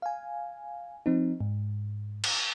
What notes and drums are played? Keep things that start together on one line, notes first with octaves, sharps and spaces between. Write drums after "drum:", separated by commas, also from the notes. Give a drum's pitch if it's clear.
F5 G#5
F3 C4 D#4
G#2
drum: cymbal